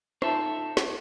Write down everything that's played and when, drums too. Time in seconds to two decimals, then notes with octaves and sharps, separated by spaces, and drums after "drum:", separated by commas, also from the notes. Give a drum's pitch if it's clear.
0.22 D#4 F4 A4 E5 A5, drum: rim click
0.77 drum: snare